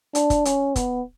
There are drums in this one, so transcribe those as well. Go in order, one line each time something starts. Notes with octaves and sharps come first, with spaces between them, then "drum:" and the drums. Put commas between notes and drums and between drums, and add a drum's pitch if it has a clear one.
D4, drum: hi-hat
drum: kick, hi-hat
C#4, drum: hi-hat
B3, drum: kick, hi-hat